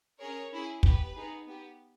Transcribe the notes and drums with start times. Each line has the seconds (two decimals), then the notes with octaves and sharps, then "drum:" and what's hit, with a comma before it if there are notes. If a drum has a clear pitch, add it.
0.20 C#4 G#4 A#4 C#5
0.52 C#4 E4 G#4
0.83 B3 G4 B4, drum: kick
1.15 B3 D#4 G#4
1.46 B3 G4